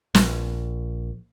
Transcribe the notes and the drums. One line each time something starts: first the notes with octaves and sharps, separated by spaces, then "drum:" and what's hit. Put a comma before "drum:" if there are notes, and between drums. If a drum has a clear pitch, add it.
A#1, drum: snare